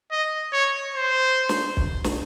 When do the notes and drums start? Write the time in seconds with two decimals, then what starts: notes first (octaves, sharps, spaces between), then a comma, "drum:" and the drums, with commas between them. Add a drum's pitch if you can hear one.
0.11 D#5
0.53 C#5
0.94 C5
1.49 drum: snare
1.77 drum: kick
2.04 drum: snare